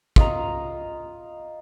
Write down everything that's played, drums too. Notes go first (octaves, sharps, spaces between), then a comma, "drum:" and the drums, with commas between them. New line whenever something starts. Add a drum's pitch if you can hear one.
F4 D#5 A#5, drum: kick